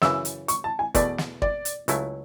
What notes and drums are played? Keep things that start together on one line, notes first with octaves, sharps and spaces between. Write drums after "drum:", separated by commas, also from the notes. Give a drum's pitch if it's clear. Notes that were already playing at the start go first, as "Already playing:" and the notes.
F#2 C#3 E3 E6, drum: snare
drum: hi-hat
C#6, drum: hi-hat
A5
G#5
E2 B2 A3 D5, drum: kick, hi-hat
drum: snare
D5, drum: kick
drum: hi-hat
C#2 C#3 F#3 A3 E4, drum: hi-hat